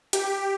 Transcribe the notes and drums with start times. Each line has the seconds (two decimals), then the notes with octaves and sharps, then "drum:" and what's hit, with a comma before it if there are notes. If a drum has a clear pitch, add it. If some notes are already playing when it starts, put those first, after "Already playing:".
0.13 G4, drum: hi-hat